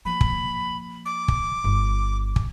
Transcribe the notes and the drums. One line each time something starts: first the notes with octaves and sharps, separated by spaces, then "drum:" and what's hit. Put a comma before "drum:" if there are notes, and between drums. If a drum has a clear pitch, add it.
F3 A#3 B5
drum: kick
D6
drum: kick
G1
drum: kick